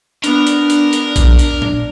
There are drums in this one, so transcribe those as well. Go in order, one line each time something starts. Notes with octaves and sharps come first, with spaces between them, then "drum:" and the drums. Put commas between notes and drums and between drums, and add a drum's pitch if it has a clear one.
B3 D4 A#4, drum: hi-hat
drum: hi-hat
drum: hi-hat
drum: hi-hat
drum: kick A#1, hi-hat
drum: hi-hat
drum: tom A#2